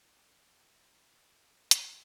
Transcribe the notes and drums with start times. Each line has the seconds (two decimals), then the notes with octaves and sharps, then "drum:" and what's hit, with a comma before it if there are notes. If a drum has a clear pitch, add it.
0.03 F5 A5 A#5
1.71 drum: hi-hat